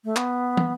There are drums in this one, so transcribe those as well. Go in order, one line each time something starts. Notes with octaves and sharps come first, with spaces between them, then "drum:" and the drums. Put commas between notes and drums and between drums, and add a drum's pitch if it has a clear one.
A3
B3, drum: clap
drum: tom